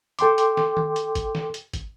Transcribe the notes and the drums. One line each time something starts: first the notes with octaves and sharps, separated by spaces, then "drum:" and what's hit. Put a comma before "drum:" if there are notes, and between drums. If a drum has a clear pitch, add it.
A4 G5 C6 D6, drum: hi-hat
drum: hi-hat
drum: snare
drum: tom D#3
drum: hi-hat
drum: kick, hi-hat
drum: snare
drum: hi-hat
drum: kick, hi-hat